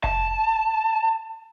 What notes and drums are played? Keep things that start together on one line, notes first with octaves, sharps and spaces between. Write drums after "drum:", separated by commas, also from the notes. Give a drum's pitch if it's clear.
A5, drum: kick F1